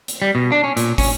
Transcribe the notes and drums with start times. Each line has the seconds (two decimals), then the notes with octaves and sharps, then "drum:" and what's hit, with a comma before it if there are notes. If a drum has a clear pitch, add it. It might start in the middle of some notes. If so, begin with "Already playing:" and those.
0.08 drum: hi-hat
0.22 G3
0.35 B2
0.52 D4
0.64 C#4
0.77 A#2, drum: hi-hat
0.98 C#4, drum: kick, open hi-hat